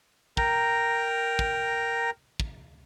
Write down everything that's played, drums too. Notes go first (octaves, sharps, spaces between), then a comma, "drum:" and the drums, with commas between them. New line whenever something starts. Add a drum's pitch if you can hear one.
A#4 G5 A#5, drum: kick
drum: kick
drum: kick